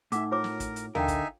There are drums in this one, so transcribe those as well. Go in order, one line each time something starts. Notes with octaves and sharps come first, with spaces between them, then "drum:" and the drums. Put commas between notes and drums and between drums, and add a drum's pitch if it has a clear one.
A2 D#4 E5 F#5 D6, drum: hi-hat
F4 A#4 C#5 D6
drum: snare
drum: kick, hi-hat
drum: hi-hat
D3 D#4 A#4 E5 F5 G5 G#5, drum: tom
drum: kick, hi-hat